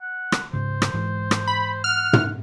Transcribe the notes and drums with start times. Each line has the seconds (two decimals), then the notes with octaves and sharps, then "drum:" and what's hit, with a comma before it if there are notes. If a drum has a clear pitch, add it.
0.02 F#5
0.32 drum: rim click
0.53 G#2 C#3 C5
0.82 drum: rim click
0.94 G#2 E3 G#3
1.31 drum: rim click
1.47 B5
1.84 F#5 F6
2.13 drum: tom